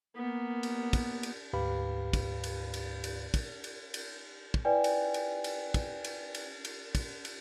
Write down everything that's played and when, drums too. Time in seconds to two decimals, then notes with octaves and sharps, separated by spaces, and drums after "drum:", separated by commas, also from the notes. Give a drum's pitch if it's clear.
0.16 A#3 B3
0.63 drum: cymbal
0.93 drum: kick, cymbal
1.23 drum: cymbal
1.53 D2 G#2 G4 B4 F5 B5
2.13 drum: kick, cymbal
2.44 drum: cymbal
2.74 drum: cymbal
3.04 drum: cymbal
3.34 drum: kick, cymbal
3.64 drum: cymbal
3.94 drum: cymbal
4.54 drum: kick
4.65 E4 B4 D5 G5 G#5
4.84 drum: cymbal
5.14 drum: cymbal
5.44 drum: cymbal
5.74 drum: kick, cymbal
6.04 drum: cymbal
6.35 drum: cymbal
6.65 drum: cymbal
6.95 drum: kick, cymbal
7.25 drum: cymbal